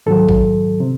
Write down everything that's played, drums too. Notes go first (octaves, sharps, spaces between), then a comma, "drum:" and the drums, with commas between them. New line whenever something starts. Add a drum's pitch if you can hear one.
G#2 D#3 F#3 A4
drum: kick
C3